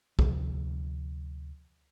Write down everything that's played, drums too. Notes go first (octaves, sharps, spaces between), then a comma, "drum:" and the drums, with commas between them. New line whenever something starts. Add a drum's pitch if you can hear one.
D2 C3 F3, drum: kick